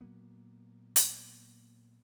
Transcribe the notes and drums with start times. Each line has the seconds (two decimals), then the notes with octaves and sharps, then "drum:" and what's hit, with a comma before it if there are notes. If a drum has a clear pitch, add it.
0.01 A#2 F#3 A#3 B3
0.96 drum: hi-hat